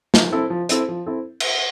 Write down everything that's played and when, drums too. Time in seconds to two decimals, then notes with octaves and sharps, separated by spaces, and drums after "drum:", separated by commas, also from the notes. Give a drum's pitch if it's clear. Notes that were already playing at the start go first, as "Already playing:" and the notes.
0.14 F3, drum: snare
0.32 C4 E4 A4
0.50 F3
0.69 C4 E4 A4, drum: hi-hat
0.88 F3
1.06 C4 E4 A4
1.40 drum: cymbal